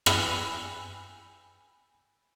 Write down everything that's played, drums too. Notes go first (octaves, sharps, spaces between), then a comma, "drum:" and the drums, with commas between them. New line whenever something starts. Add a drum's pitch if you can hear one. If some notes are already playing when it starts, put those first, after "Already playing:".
G5 G#5 B5 E6 F#6, drum: rim click